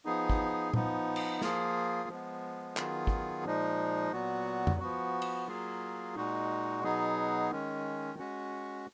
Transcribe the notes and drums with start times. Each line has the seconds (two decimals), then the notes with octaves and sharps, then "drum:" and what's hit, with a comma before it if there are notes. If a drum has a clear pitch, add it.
0.05 F3 B3 D#4 G#4
0.30 drum: kick
0.73 F3 B3 D#4, drum: tom A#2
1.16 drum: cymbal
1.41 F3 A#3 F4 G#4, drum: snare
2.09 F3 G#3 B3
2.77 D#3 F#3 B3 F4 G#4, drum: clap
3.07 drum: kick
3.44 A#2 F3 G#3 D#4
4.12 A#2 F#3 B3 F#4
4.67 drum: tom F2
4.80 F3 B3 F#4
5.22 drum: cymbal
5.47 F#3 A#3 F4 G#4
6.16 A#2 G#3 D#4 F#4
6.83 B2 F#3 B3 D#4 G#4
7.51 D#3 G#3 C#4
8.19 G#3 C#4 F#4